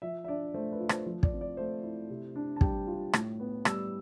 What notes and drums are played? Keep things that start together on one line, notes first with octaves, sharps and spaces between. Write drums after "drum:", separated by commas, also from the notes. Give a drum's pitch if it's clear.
F3 E5
E5
D4 D5
A3 C5
B4
F4
C5, drum: rim click
F3
D5, drum: kick
C4
D5
A3 C5
E4
C3
D4
A5
G3 G5, drum: kick
F4
A2, drum: rim click
B3
G3 E6, drum: rim click